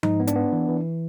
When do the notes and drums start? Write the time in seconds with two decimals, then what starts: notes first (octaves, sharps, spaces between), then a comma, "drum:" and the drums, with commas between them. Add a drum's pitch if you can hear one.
0.03 G#2 D#4, drum: tom F3
0.20 B3
0.27 D4, drum: hi-hat
0.36 B3
0.53 E3
0.69 E3